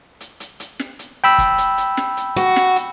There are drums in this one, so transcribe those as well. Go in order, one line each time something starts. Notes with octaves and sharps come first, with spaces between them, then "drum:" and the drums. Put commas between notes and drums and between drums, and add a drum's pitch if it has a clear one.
drum: hi-hat
drum: hi-hat
drum: hi-hat
drum: snare
drum: hi-hat
G5 B5 E6
drum: kick, hi-hat
drum: hi-hat
drum: hi-hat
drum: snare
drum: hi-hat
F#4, drum: hi-hat
drum: snare
drum: hi-hat